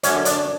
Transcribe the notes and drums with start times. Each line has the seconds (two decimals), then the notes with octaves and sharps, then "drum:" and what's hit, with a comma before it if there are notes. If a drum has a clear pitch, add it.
0.03 F#2 D3 C#4 C#5, drum: hi-hat
0.25 D4 D5, drum: hi-hat